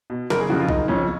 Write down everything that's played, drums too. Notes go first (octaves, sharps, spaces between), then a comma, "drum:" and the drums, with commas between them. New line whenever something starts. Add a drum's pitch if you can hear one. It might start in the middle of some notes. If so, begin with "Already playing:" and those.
B2
F#1 A#4, drum: snare
G#4
F2 C#3 F3 F#4
F4
F#1 D#4, drum: kick B1
F2 C#3 F3 C#4